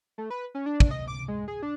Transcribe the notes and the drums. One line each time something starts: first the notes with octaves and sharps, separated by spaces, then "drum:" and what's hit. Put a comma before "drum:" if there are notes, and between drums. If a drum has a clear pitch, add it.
A3
B4
C#4
D4
drum: kick
D#5
D6
G#3
G#4
D4